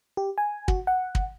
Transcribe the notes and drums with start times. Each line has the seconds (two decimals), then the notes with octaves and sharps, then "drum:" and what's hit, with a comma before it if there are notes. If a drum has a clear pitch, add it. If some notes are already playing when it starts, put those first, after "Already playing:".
0.17 G4
0.38 G#5
0.68 F#4, drum: kick
0.87 F#5
1.15 drum: kick